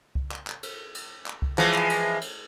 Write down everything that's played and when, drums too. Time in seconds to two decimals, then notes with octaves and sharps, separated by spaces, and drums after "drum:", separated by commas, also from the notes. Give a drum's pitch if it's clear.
0.15 drum: kick C2
0.31 drum: clap
0.47 drum: clap
0.63 drum: cymbal
0.95 drum: cymbal
1.26 drum: clap
1.42 drum: kick C2
1.58 E3 F3 G#3, drum: clap
1.74 drum: clap
1.90 drum: cymbal
2.21 drum: cymbal